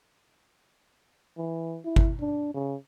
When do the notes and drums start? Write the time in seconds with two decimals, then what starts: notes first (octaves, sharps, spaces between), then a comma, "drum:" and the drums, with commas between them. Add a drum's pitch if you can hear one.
1.38 E3
1.85 E4
1.96 drum: kick
2.20 D4
2.54 C#3